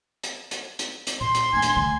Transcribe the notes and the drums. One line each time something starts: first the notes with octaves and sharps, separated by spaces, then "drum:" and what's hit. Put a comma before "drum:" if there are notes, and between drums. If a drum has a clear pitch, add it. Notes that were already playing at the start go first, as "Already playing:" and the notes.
drum: hi-hat
drum: hi-hat
drum: hi-hat
drum: hi-hat
A#2 C6
drum: hi-hat
A#3 D4 G#5
drum: hi-hat
D2 D3